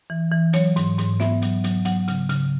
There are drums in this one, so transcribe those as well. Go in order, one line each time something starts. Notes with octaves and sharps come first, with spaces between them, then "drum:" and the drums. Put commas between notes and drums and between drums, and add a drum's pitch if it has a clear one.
E3
E3
F#3 C#5, drum: hi-hat
G#2, drum: hi-hat
G#2, drum: hi-hat
B3 E5, drum: snare
F#3, drum: hi-hat
F#3, drum: hi-hat
F#3 F#5, drum: hi-hat
C#3, drum: hi-hat
C#3, drum: hi-hat